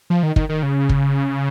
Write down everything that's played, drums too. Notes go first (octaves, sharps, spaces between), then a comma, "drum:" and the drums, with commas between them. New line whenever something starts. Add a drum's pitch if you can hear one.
F3
D#3
D#3, drum: kick
D#3
C#3
drum: kick